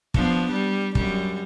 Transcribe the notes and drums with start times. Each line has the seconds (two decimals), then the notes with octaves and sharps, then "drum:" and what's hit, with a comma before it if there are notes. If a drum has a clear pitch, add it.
0.14 F3 B3 D4, drum: kick
0.51 G3
0.95 F#2 G3, drum: kick